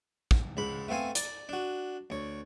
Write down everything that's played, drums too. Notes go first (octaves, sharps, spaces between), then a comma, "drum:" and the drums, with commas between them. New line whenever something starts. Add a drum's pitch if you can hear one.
drum: kick
C#2 G#2 B5
A3 B3 C4 F5 G#5
D5, drum: hi-hat
D4 F#4
D2 C#5